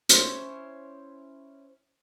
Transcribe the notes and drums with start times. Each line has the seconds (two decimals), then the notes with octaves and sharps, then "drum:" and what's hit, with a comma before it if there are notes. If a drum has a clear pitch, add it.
0.09 C#4 E4 C5 C#5, drum: hi-hat